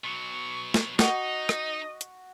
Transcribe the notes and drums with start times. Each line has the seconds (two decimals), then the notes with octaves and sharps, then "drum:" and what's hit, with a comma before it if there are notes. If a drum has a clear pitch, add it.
0.04 B2 F#3 C#6
0.74 drum: snare
0.99 D#4 F#4 D#5, drum: snare
1.49 drum: rim click
2.01 drum: hi-hat